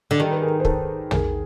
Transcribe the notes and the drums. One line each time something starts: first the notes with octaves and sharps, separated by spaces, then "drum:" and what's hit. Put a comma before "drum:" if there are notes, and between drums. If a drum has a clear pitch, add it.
D3
D#3 G4 A4
B4
G#4 A#4
C5
A4 B4, drum: kick
G#4 A#4, drum: tom